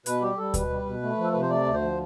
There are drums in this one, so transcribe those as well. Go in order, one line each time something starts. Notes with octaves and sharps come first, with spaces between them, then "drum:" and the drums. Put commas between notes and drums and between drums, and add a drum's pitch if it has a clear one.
B2 B4, drum: hi-hat
G3 G4
G3 A4
B2 B4, drum: kick D2, hi-hat
G3
B2
A3
F3
A4
C3 B4
C5
A3 D5
D2
C5
F3